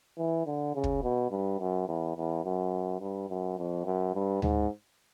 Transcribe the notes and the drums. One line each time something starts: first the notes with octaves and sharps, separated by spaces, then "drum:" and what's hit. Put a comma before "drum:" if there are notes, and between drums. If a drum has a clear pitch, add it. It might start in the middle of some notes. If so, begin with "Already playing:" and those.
E3
D3
C#3
drum: kick
B2
G2
F#2
E2
E2
F#2
G2
F#2
F2
F#2
G2
G#2, drum: tom D2